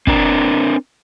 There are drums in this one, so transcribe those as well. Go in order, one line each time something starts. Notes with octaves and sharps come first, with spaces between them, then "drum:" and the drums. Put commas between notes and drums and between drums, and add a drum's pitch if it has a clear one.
C4 D4 A#4, drum: kick